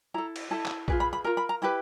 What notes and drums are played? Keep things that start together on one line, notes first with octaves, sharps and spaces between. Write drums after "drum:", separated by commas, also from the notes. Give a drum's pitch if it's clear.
E4 A4 A#5
drum: cymbal
E4 A4 A5
drum: clap
F4 G#4 B4, drum: kick A#1
B5
B5
F4 A#4 A#5
B5
A#5
E4 G4 B4 B5